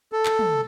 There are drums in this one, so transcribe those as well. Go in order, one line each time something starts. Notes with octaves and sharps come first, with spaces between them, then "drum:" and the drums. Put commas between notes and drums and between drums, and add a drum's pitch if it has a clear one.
A4
drum: clap
drum: tom